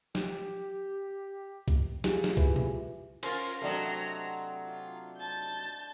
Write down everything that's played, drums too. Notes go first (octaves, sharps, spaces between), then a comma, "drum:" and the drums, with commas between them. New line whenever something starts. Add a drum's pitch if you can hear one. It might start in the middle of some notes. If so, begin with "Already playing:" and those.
G4, drum: snare
drum: kick C2
F4 G4 G#4, drum: snare
drum: snare
E3, drum: kick C2
drum: tom B2
C#4 F4 A#4 C5, drum: cymbal
C3 F#3 A3 D4 D#5 A#5
F4
A5 G6